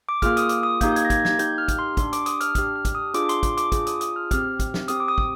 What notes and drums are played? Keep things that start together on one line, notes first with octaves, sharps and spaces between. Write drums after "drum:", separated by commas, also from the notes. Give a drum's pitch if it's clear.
D6
A#3 F4 G#4 F6, drum: kick, hi-hat
D#6, drum: hi-hat
D6, drum: hi-hat
D#6
A#3 D#4 G4 G6, drum: kick, hi-hat
G6
G#6, drum: hi-hat
A#6
G#6, drum: kick, hi-hat
G#6, drum: snare
A#3 D#4 G4 G6, drum: hi-hat
F6
drum: kick, hi-hat
C6
D4 G4 C6, drum: kick, hi-hat
D6, drum: hi-hat
D#6, drum: hi-hat
F6, drum: hi-hat
D4 G4 F6, drum: kick, hi-hat
F6
drum: kick, hi-hat
D#6
D4 F4 G#4 D6, drum: hi-hat
C6, drum: hi-hat
D6, drum: kick, hi-hat
D6, drum: hi-hat
D4 F4 G#4 D6, drum: kick, hi-hat
D#6, drum: hi-hat
D#6, drum: hi-hat
F6
C4 G4 F6, drum: kick, hi-hat
drum: kick, hi-hat
drum: snare
C4 G4 D#6, drum: hi-hat
D6
D#6
drum: kick